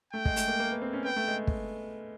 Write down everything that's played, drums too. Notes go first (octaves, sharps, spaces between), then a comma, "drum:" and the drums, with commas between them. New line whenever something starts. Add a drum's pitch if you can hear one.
A3 G5
G#3, drum: kick
A3, drum: hi-hat
A#3
A#3
B3
C4
C#4
B3 G5
A3
G#3
drum: kick